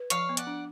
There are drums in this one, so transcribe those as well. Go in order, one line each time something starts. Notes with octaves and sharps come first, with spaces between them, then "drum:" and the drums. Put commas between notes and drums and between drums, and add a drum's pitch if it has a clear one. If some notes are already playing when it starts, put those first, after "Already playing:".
Already playing: B4
F3 C#5 F5, drum: hi-hat
B3
D5 F#5, drum: hi-hat
D4